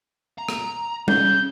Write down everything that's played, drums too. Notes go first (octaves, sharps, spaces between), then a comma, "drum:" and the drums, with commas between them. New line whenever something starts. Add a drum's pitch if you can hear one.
A#5
drum: rim click
C#4 G#4 G6, drum: tom G3